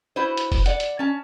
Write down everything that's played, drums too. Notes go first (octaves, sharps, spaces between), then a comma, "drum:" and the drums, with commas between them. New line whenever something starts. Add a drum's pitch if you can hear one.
E4 F#4 B4 C5
drum: hi-hat
drum: kick, open hi-hat
D5 F#5, drum: hi-hat
drum: hi-hat
C#4 A5